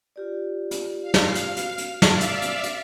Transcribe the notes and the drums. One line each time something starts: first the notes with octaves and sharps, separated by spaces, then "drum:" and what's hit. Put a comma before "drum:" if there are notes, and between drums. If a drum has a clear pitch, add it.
F4 G4 D5
drum: hi-hat
F5
drum: snare
drum: hi-hat
F#4, drum: hi-hat
drum: hi-hat
D5 E5 F5, drum: snare
drum: hi-hat
drum: hi-hat
drum: hi-hat